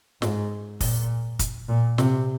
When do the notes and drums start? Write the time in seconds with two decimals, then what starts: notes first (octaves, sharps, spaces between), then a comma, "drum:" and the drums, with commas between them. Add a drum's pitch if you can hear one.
0.22 G#2, drum: snare
0.81 A#2, drum: kick, open hi-hat
1.39 drum: kick, hi-hat
1.69 A#2
1.98 C3, drum: snare